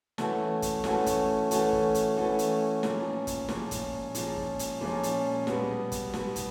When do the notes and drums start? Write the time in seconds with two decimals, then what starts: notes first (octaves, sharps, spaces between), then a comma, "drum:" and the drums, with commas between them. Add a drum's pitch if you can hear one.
0.18 E3 A3 C#4 F#4 A4, drum: snare
0.62 drum: kick, hi-hat
0.84 E3 A3 C#4 F#4 A4, drum: snare
1.06 drum: kick, hi-hat
1.51 E3 A3 C#4 F#4 A4, drum: hi-hat
1.73 drum: kick
1.95 drum: hi-hat
2.17 E3 A3 C#4 F#4 A4
2.39 drum: hi-hat
2.83 A#2 F3 G#3 C#4, drum: snare
3.27 drum: kick, hi-hat
3.49 A#2 F3 G#3 C#4, drum: snare
3.71 drum: kick, hi-hat
4.15 A#2 F3 G#3 C#4, drum: hi-hat
4.37 drum: kick
4.59 drum: hi-hat
4.81 A#2 F3 G#3 C#4
5.03 drum: hi-hat
5.47 B2 G3 B3, drum: snare
5.92 drum: kick, hi-hat
6.14 B2 G3 B3, drum: snare
6.36 drum: kick, hi-hat